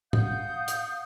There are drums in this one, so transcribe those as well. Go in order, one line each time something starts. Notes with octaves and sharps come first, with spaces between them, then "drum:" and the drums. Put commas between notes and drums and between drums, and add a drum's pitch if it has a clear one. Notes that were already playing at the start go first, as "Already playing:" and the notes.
F5 F#5 D#6 G6, drum: tom
drum: hi-hat